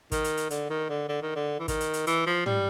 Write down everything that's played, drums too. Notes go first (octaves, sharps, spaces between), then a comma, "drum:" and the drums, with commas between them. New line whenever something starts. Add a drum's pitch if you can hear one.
D#3, drum: kick, hi-hat
drum: hi-hat
drum: hi-hat
D3, drum: hi-hat
D#3
D3
D3
D#3
D3
E3
D#3, drum: kick, hi-hat
drum: hi-hat
drum: hi-hat
E3, drum: hi-hat
F3
G3, drum: tom